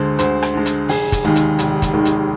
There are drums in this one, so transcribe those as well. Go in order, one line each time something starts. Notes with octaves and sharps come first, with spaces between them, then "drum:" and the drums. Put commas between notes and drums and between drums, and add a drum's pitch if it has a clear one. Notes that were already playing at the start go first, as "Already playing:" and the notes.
Already playing: D2 D3 G#3 C5
D2 C5, drum: hi-hat
drum: rim click
D3 G#3
drum: hi-hat
F1 G#4, drum: open hi-hat
drum: kick, hi-hat
D#2 D#3 G#3
drum: hi-hat
F1, drum: hi-hat
drum: kick, hi-hat
D#2 D#3 G#3
drum: hi-hat